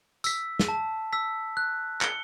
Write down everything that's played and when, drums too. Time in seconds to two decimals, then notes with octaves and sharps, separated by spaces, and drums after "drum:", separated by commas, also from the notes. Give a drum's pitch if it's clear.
0.24 E6 B6, drum: tambourine
0.59 drum: snare
0.69 A5
1.13 E6 B6
1.57 F#6
2.01 C#7 G7, drum: clap